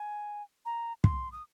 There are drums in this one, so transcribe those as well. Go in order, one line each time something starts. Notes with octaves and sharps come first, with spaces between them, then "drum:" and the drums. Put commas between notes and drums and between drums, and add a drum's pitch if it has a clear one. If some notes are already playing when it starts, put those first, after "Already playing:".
Already playing: G#5
A#5
C6, drum: kick
D#6